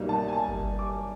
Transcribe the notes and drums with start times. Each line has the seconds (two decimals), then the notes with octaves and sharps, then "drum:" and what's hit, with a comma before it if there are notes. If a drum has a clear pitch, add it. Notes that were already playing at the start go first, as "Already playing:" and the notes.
Already playing: C2 B2 G3 A#3 D#4
0.09 A5
0.28 G#5
0.33 A5
0.48 drum: kick G1
0.79 D6